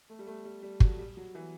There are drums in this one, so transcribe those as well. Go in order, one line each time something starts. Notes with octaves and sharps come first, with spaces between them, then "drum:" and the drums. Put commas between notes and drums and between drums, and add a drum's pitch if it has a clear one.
A3
G3
A3
G3
G3
F#3, drum: kick
G3
F#3
E3